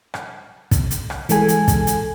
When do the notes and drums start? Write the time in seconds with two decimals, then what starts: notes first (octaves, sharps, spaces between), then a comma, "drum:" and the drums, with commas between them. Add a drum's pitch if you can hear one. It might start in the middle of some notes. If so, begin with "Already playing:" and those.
0.14 drum: rim click
0.71 drum: kick, hi-hat
0.91 drum: hi-hat
1.10 drum: rim click
1.29 E3 G#3 A4 G#5, drum: hi-hat
1.48 drum: hi-hat
1.68 drum: kick, hi-hat
1.87 drum: hi-hat